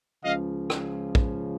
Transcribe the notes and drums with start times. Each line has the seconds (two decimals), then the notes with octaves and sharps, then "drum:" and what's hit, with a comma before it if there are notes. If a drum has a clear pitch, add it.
0.24 C#2 C#3 F3 D#5 F5
0.70 drum: rim click
1.15 drum: kick